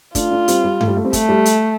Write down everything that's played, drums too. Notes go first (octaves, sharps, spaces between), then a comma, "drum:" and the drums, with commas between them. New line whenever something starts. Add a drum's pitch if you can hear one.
A3 D4 F4, drum: kick, hi-hat
A3 D4
G3 C4, drum: hi-hat
G3
A3, drum: tom G2
G3
A3
G3 C4
A3, drum: kick, hi-hat
G3
drum: hi-hat